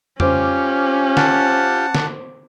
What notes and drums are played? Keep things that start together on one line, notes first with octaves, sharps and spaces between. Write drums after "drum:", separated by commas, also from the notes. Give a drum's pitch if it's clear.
C#4 F4 G4 C5 D6, drum: tom F2
F#5 A5, drum: snare
drum: snare